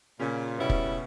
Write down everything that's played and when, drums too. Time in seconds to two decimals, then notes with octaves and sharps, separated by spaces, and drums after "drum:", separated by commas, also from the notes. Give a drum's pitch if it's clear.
0.19 A#2 C#3 C#4
0.58 B2 G3 B3 C#4 E4
0.69 drum: kick